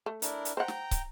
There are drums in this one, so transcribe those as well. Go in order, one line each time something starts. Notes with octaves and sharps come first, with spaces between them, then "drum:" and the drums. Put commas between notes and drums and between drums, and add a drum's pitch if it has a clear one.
A3
D4 E4 A#4, drum: hi-hat
drum: hi-hat
C5 F#5 G5 A#5
drum: snare
drum: kick, hi-hat